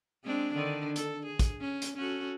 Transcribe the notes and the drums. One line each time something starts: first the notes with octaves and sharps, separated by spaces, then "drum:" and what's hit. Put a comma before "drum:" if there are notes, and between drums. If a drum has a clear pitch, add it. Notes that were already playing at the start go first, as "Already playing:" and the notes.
G#3 C4 D4
D3 D#3
A4, drum: hi-hat
G#4
drum: kick, hi-hat
C#4
drum: hi-hat
C#4 F#4 A4